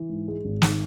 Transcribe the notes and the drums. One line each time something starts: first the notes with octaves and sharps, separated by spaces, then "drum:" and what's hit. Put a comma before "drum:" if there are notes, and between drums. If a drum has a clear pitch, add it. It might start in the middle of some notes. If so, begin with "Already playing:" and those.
Already playing: E3
G#2
G#3
G#1
D#3, drum: snare